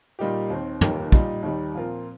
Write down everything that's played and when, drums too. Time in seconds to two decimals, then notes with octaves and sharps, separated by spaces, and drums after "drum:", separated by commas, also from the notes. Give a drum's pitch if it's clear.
0.19 A#2 G3 A#3 D#4 G4
0.50 D#2 D#3 C4
0.81 F1 D#2 D#3 A#3 G4, drum: tom
1.12 A#2 G3 D#4, drum: kick
1.43 D#2 D#3 G3 D#4
1.75 A#2 F3 C4 F4 A#4